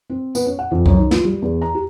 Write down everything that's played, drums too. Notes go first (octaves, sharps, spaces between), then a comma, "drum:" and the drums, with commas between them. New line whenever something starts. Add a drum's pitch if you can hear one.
C4
B3, drum: tambourine
C#4
F#5
F2
F#2, drum: kick C2
D#3
F4, drum: snare
G3
E2
A#5
G4